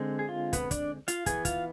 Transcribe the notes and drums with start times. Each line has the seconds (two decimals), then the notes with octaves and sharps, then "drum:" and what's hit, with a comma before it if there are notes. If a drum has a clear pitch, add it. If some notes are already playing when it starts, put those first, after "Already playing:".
Already playing: D3 G#3 C4
0.19 G#4
0.29 F4
0.53 B3 B4, drum: kick, hi-hat
0.71 D4 D5, drum: kick, hi-hat
1.08 F4 F5, drum: hi-hat
1.26 E3 B3 G#4 G#5, drum: kick, hi-hat
1.45 F4 F5, drum: kick, hi-hat